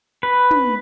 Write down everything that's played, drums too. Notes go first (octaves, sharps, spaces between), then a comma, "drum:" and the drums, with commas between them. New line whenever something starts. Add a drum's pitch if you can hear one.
B4
drum: tom